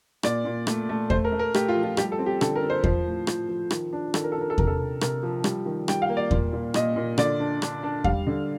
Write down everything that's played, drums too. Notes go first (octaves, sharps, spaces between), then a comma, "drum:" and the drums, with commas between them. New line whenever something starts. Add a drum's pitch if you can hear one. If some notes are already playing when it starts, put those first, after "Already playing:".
A#2 D5, drum: rim click
A#2
A3, drum: rim click
A3
A3 C5, drum: kick E2
A#4
A3
A#4
A3 G4, drum: rim click
F4
F3
F4
G3 G4, drum: rim click
A4
C4
G4
D3 A4, drum: rim click
A#4
C4
C5
F3 C5, drum: kick E2
A2
F3, drum: rim click
F3
D#3, drum: rim click
D4
D#3 A4, drum: rim click
A#4
D4 A4
A#4
A4
C3 A#4, drum: kick E2
A4
C3
C3 A#4, drum: rim click
F3
G3, drum: rim click
D#3
G3 G5, drum: rim click
F5
A#3
D5
A#2, drum: kick E2
A#2
A#2 D#5, drum: rim click
A#2
D3 D5, drum: rim click
D4
D4, drum: rim click
D4
G3 F5, drum: kick E2
D3